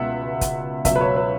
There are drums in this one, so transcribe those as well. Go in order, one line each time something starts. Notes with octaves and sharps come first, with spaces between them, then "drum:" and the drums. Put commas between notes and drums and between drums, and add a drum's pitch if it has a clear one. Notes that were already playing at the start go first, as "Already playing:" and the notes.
Already playing: C#2 B2 G#3 B3 E5 F#5
drum: kick, hi-hat
C#2 B2 F#3 E5, drum: kick, hi-hat
B4
C#5
B4